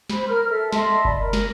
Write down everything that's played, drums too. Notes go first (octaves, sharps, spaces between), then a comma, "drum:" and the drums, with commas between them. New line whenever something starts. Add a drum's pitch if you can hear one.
C5 B5, drum: snare
A#4 F6
A4 E5
D#5 E5 A5 C6, drum: snare
D5 B5, drum: kick F#1
A#4
drum: snare